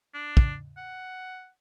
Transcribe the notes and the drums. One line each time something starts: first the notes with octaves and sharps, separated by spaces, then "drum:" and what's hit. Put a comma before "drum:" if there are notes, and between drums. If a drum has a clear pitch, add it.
D4
drum: kick
F#5